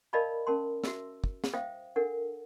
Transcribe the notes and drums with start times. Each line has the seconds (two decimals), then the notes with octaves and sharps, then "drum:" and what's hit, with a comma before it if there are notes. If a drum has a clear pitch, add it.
0.13 A#4 D5 D#5 F5 A5 B5
0.47 C#4 A#4 A5 C6
0.84 F#4 E5 E6, drum: snare
1.24 drum: kick
1.44 drum: snare
1.54 C5 E5 F5 G5 D#6
1.96 D4 A4 A#4 F#5